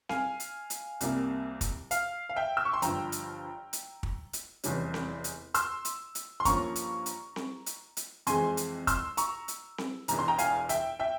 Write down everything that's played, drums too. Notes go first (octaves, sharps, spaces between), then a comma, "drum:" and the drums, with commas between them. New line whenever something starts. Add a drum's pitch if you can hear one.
F5 G#5, drum: snare C4
drum: hi-hat
drum: hi-hat
C2 C3 G3 A#3, drum: hi-hat
drum: kick, hi-hat
F5, drum: hi-hat
F5
E5 G5
E6
C#6
C6
G1 G2 F3 G5 A#5, drum: hi-hat
drum: hi-hat
drum: hi-hat
drum: kick
drum: hi-hat
F1 E2 E3 G3 C#4, drum: hi-hat
drum: snare C4
drum: hi-hat
C6 E6, drum: hi-hat
drum: hi-hat
drum: hi-hat
C6
G2 F3 A#3 C#4 A#5 C#6, drum: kick, hi-hat
drum: hi-hat
drum: hi-hat
drum: snare C4
drum: hi-hat
drum: hi-hat
F2 E3 G#3 C4 G#5 C6, drum: hi-hat
drum: hi-hat
C6 E6, drum: kick, hi-hat
A#5 C#6, drum: hi-hat
drum: hi-hat
drum: snare C4
E1 E2 E3 A#5, drum: hi-hat
C6
G5 A#5
F5 G#5, drum: hi-hat
E5 G5, drum: hi-hat
E5 G5